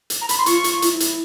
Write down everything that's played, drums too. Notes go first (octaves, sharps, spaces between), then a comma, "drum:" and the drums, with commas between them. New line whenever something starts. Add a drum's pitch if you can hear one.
drum: hi-hat
A#5
B5, drum: hi-hat
C6
F4 C#6, drum: hi-hat
drum: hi-hat
E4, drum: hi-hat
drum: hi-hat